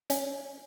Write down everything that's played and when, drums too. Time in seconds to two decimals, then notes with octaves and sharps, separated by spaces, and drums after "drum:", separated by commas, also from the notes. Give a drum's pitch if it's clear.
0.10 C#4, drum: hi-hat